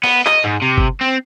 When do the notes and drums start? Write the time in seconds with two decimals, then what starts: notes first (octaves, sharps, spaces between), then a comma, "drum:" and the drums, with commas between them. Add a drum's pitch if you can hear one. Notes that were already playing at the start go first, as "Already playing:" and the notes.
0.04 B3, drum: open hi-hat
0.26 D#5, drum: clap
0.44 G#2
0.62 C3
0.78 drum: kick G1
1.01 C4